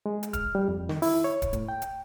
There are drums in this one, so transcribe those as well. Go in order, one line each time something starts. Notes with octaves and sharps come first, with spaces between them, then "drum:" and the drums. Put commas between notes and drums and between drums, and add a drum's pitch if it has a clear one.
G#3
drum: hi-hat
F6, drum: kick, hi-hat
G3
F2
D#3, drum: snare
E4, drum: open hi-hat
C#5
drum: kick, hi-hat
A2, drum: hi-hat
G5
drum: hi-hat